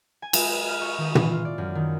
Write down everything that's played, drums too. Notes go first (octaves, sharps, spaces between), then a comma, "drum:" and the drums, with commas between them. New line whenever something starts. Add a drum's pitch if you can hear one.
G#5
G#3, drum: cymbal
F6
C#6
D#3
E3, drum: tom
F4
D5
F#2
D#3